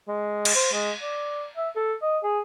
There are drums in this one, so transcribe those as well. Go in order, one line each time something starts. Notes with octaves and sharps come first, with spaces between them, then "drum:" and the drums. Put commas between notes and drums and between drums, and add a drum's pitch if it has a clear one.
G#3
drum: cymbal
C5
G#3
D5
E5
A4
D#5
G#4